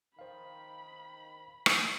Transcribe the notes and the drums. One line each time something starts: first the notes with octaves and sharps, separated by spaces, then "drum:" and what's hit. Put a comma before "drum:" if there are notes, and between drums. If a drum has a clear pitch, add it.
D#3 C5 F5 B5
drum: rim click